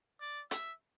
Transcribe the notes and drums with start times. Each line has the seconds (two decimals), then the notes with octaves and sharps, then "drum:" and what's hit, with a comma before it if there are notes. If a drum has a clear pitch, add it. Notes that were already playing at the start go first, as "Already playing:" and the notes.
0.21 D5
0.51 E5, drum: hi-hat